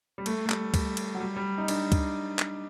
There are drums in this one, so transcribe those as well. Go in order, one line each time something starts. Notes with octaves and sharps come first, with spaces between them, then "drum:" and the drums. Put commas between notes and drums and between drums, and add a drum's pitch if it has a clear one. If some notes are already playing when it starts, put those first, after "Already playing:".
G3
A3, drum: cymbal
A3
G3, drum: clap
G3, drum: kick C#2, cymbal
drum: cymbal
F#3
G3
G3
D#4
D4, drum: cymbal
drum: kick C#2, cymbal
drum: clap